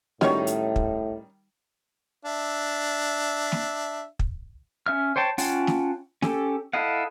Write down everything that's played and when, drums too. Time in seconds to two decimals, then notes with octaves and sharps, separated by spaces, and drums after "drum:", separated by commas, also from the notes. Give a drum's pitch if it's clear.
0.21 A2 D#3 G3 C#4 D#4 F#4 C#5, drum: snare
0.47 drum: hi-hat
0.76 drum: kick
2.25 D4 E5
3.52 drum: snare
4.19 drum: kick
4.86 C#4 E5 F6
5.16 C5 C#5 G5 A5
5.38 C#4 F4 F#5 G5 A5, drum: open hi-hat
5.67 drum: snare
6.22 C#4 G4 A4, drum: snare
6.73 E4 A4 D#5 F5 F#5